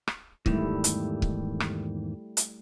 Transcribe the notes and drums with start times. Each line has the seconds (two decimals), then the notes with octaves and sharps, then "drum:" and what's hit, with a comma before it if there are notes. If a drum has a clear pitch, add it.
0.08 drum: rim click
0.46 E2 G#2 D#3 G3 A3 E4, drum: kick C#1
0.84 drum: hi-hat
1.22 drum: kick C#1
1.60 drum: rim click
2.37 drum: hi-hat